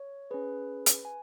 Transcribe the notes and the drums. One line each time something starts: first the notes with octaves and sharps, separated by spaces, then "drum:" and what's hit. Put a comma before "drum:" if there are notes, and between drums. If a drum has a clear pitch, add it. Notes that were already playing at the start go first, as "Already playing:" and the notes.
Already playing: C#5
C#4 G#4 B4
drum: hi-hat
G#5